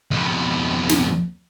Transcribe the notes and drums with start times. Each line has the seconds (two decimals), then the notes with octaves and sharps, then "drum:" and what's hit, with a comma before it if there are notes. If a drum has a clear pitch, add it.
0.11 F2 B2
0.89 drum: snare